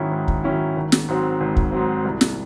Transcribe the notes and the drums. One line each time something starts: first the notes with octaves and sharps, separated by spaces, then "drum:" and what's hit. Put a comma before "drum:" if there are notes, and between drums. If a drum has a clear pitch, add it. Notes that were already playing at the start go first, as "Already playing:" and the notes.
Already playing: G#2 D#3 F#3 C#4 E4
G#2
drum: kick
D#3 F#3 C#4 E4
G#1
drum: snare
G#2 F#3 C4
G#1
drum: kick
G#2 F#3 C4
C2
drum: snare